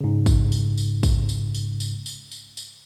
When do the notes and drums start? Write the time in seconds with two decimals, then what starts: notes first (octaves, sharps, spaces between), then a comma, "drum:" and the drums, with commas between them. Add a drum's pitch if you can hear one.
0.01 G#2 C#3
0.26 drum: kick, tambourine
0.52 drum: tambourine
0.78 drum: tambourine
1.03 drum: kick, tambourine
1.29 drum: tambourine
1.54 drum: tambourine
1.80 drum: tambourine
2.06 drum: tambourine
2.31 drum: tambourine
2.57 drum: tambourine